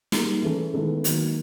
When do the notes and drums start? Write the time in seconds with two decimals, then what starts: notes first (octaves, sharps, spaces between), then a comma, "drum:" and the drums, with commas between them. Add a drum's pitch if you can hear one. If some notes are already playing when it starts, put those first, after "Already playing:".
0.12 G3 A#3 D#4 G#4, drum: snare
0.42 E3 A3 C#4 E4 A4
0.74 D#3 G#3 B3 E4 A4
1.04 D#3 F#3 A#3, drum: hi-hat